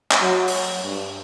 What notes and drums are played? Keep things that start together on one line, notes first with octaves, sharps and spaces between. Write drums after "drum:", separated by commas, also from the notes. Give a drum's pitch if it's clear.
drum: clap
F#3
drum: open hi-hat
G2